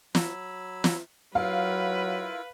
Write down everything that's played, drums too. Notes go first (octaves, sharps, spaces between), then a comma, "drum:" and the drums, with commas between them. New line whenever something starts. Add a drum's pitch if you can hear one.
F#3 B5 E6, drum: snare
drum: snare
F#3 E4 F4 A#4 B4 F5